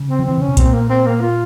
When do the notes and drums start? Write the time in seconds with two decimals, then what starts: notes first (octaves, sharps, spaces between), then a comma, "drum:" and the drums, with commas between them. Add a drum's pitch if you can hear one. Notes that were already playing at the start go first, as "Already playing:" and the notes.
Already playing: C#3
0.09 C4
0.19 F3
0.25 E3 C4
0.38 C#3 C#4
0.48 C3
0.57 A#2 C4, drum: kick B1, hi-hat
0.73 A#3
0.89 C4
1.06 A#3
1.21 F4